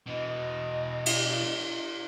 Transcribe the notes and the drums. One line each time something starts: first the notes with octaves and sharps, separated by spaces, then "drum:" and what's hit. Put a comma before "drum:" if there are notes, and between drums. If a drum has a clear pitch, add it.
B2 E3 D#5
drum: cymbal